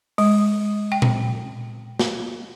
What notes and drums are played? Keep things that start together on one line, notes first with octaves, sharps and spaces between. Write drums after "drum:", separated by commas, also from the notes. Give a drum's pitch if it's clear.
G#3, drum: open hi-hat
G5
drum: tom A#2
drum: snare